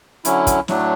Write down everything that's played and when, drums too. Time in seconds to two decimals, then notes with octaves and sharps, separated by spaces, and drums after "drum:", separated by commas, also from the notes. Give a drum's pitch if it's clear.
0.25 D3 F#3 C#4 E4, drum: hi-hat
0.47 drum: kick, hi-hat
0.68 A2 F#3 A3 D4, drum: snare